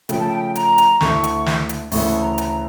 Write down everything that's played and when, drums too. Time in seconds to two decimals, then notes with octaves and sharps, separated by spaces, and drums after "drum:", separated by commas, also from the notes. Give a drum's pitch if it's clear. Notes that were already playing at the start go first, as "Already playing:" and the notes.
0.09 C#3 F3 A3 G5, drum: hi-hat
0.20 A5
0.29 G5
0.55 A#5, drum: hi-hat
0.78 drum: hi-hat
1.01 D2 D3 A3 E4 C#6, drum: snare
1.24 drum: hi-hat
1.46 drum: snare
1.69 drum: hi-hat
1.92 D2 C#3 E3 A3 C#6, drum: open hi-hat
2.22 A#5
2.38 drum: hi-hat